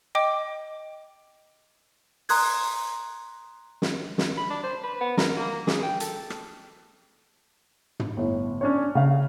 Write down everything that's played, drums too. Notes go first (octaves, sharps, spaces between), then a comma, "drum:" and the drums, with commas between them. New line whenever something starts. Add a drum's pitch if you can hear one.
D#5 G5 D6
A#5 C6 D#6 F#6 G#6, drum: open hi-hat
drum: snare
drum: snare
B5
D4
C5
B4
B3
A#4, drum: snare
A#3
G#4, drum: snare
G5
A4, drum: hi-hat
drum: rim click
drum: tom
G1 A2
C#4 D4 C#5
C#3 F5